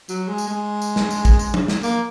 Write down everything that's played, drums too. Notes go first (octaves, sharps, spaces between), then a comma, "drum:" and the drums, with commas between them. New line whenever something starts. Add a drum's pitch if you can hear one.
F#3, drum: tambourine
G#3
drum: tambourine
G#3
drum: tambourine
drum: snare
drum: tambourine
drum: kick, tambourine
drum: tambourine
drum: tom F3
drum: snare
A#3, drum: tambourine